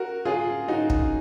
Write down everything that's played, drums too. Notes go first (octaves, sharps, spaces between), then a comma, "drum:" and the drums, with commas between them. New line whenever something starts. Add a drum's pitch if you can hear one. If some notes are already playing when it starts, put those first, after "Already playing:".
Already playing: F#4 A#4
F4 G#4
D#4 F#4
drum: kick